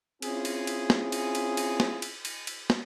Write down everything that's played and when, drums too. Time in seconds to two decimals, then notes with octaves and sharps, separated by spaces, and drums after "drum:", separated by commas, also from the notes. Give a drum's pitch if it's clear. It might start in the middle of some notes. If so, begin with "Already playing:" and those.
0.22 C4 C#4 E4 F4 G#4, drum: cymbal
0.45 drum: cymbal
0.67 drum: cymbal
0.90 drum: snare
1.12 drum: cymbal
1.35 drum: cymbal
1.57 drum: cymbal
1.80 drum: snare
2.02 drum: cymbal
2.25 drum: cymbal
2.47 drum: cymbal
2.70 drum: snare